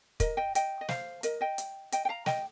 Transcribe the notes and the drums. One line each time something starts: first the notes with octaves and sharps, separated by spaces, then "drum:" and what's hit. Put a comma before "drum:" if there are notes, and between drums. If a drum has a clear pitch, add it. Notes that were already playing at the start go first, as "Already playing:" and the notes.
A#4 D#5, drum: kick, hi-hat
D#5 G5
D#5 G5, drum: hi-hat
D#5
C5 F5, drum: snare
A#4 D#5, drum: hi-hat
D#5 G5
drum: hi-hat
D#5 G5, drum: hi-hat
G5
F5 A#5
D#5 G5, drum: snare